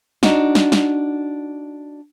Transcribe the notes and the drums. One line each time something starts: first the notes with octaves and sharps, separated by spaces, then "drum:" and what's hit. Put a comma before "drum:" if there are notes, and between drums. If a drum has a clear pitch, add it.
D4 D#4 F#4, drum: snare
drum: snare
drum: snare